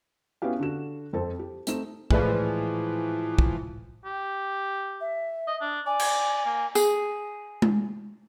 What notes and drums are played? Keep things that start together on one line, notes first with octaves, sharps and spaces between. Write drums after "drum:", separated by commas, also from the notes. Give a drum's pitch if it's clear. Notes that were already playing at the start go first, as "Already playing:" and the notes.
B3 C#4 E4 F#4 G4 F5
D3 F#4 E7
F2 C4 A4 C5
G4
A3 C4 D#4 E7, drum: hi-hat
A2 E3 F3 G#3 B4 D5, drum: kick
drum: kick
G4
E5
D#5
D4
D5 G#5
drum: cymbal
A#3
G#4, drum: tambourine
drum: tom G#3